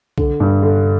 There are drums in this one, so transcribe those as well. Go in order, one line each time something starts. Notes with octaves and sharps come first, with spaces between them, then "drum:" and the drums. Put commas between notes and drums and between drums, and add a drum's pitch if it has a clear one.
D3, drum: kick B1
G2
D3